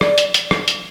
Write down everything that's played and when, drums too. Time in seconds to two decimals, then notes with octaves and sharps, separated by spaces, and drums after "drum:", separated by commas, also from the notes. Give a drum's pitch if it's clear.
0.01 D5, drum: rim click
0.18 drum: hi-hat
0.34 drum: hi-hat
0.51 drum: rim click
0.68 drum: hi-hat